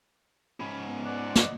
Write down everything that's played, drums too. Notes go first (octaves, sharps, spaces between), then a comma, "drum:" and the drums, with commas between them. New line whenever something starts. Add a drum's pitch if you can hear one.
G#2 C#4 B5
B3
D5 F#5
D#5, drum: snare